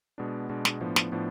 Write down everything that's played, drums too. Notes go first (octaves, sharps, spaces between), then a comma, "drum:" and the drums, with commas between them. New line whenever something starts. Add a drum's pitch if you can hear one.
B2 G#3 B3 D4
B2 G#3 B3 D4
drum: snare
A2 F3 B3 D4
drum: snare
A2 F3 B3 D4